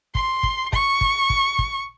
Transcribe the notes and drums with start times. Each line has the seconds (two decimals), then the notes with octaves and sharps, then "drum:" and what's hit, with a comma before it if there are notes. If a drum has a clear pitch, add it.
0.15 C6, drum: kick
0.43 drum: kick
0.73 C#6, drum: kick
1.01 drum: kick
1.30 drum: kick
1.59 drum: kick